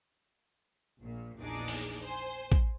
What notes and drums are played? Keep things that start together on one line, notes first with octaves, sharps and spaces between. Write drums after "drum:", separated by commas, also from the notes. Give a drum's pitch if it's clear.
A#1 A#2
A#1 E2 D4 D#4 G#4 D6
drum: open hi-hat
C5 G#5
drum: kick